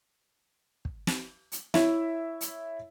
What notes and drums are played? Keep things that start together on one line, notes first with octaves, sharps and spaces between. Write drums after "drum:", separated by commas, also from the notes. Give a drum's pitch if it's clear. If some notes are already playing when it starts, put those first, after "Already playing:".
drum: kick
drum: snare
drum: hi-hat
E4 C#5 E5, drum: snare
drum: hi-hat